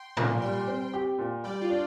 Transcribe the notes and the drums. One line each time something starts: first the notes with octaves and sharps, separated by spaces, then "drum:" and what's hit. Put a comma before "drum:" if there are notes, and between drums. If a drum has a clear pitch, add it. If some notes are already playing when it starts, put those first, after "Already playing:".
Already playing: G5 C6
A#2, drum: tom A2
G3 G5 C6
C4
G4
A#2
G3 D5 G5
F4
D4